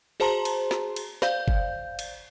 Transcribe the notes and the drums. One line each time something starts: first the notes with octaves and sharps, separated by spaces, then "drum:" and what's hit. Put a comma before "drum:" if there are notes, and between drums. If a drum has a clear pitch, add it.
F#4 G#4 C5 A5 A#5 C6
drum: cymbal
drum: snare
drum: cymbal
C5 D5 F5 G6, drum: snare
drum: kick G1
drum: cymbal